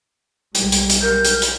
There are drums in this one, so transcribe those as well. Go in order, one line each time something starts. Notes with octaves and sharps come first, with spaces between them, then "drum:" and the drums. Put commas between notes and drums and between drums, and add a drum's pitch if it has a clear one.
B1 G3 G#3, drum: hi-hat
drum: hi-hat
drum: hi-hat
A#4 G6
drum: hi-hat
drum: hi-hat